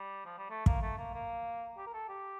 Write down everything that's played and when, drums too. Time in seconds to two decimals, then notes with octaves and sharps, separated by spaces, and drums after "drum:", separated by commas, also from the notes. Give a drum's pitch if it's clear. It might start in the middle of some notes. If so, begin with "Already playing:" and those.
Already playing: G3
0.26 F3
0.38 G3
0.50 A3
0.66 A#3, drum: kick
0.82 A3
0.98 A#3
1.14 A#3
1.77 G4
1.87 A#4
1.93 A4
2.09 G4